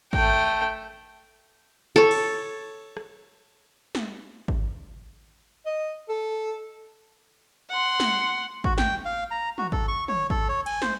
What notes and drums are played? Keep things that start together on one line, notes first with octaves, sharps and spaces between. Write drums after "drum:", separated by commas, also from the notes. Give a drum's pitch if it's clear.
A3 G5, drum: kick G#1
A4 C#5
drum: cymbal
drum: rim click
drum: snare
drum: kick G#1
D#5
A4
F#5 C6
drum: snare
F#4, drum: kick G#1
G5, drum: snare
F5
A#5
F#4, drum: tom
A4, drum: kick G#1
C#6
C#5, drum: tom
A4, drum: kick G#1
C#5
G#5, drum: cymbal
C5, drum: snare